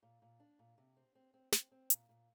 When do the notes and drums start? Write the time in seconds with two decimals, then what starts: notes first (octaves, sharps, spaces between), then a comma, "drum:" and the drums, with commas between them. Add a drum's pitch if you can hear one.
0.03 A#2
0.22 A#2
0.40 D4
0.59 A#2
0.78 C3
0.97 C4
1.15 C4
1.34 C4
1.52 C4, drum: snare
1.72 C4
1.90 A#2, drum: hi-hat
2.09 A#2